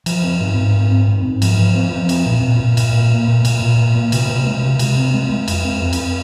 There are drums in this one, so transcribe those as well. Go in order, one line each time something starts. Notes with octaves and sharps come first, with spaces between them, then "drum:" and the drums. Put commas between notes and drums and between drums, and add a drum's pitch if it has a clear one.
F3, drum: cymbal
C4
G#2
G#2
C4
C4
G#2
G#2
F3, drum: cymbal
F3
C4
F3
C4, drum: cymbal
A#2
A#2
A#2
A#2, drum: cymbal
A#3
A#3
A#2
A#2, drum: cymbal
A#2
A#3
A#3
C3, drum: cymbal
C3
G#3
C3
C3, drum: cymbal
C4
G#3
G#3
F2, drum: cymbal
C4
F2
drum: cymbal